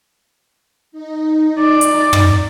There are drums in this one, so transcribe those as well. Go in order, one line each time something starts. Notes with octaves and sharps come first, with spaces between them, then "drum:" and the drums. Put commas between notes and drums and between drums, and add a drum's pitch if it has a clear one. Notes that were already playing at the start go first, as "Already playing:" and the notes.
D#4
D5
drum: hi-hat
drum: tom